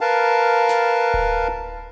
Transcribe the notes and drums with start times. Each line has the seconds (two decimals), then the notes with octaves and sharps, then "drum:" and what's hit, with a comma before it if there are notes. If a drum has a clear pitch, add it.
0.01 A#4 B4 F5 A5
0.69 drum: snare
1.14 drum: kick D1